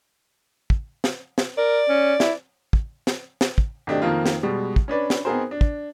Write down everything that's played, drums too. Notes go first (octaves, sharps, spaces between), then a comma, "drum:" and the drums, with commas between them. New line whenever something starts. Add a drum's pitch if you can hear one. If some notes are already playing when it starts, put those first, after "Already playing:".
drum: kick
drum: snare
drum: snare
A#4 D5
C#4
E4, drum: snare
drum: kick
drum: snare
drum: snare
drum: kick
G#1 A3 D4 G4 D#5
F2 D#3 A#3 F4
drum: snare
B2 G3 G#3
drum: kick
C#4 D4 B4 D5
drum: snare
B3 C4 D#4 G#4 A#4 C5
D4
drum: kick